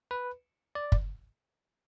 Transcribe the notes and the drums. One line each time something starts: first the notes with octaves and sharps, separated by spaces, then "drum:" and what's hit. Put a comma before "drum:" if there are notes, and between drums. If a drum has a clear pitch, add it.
B4
D5
drum: kick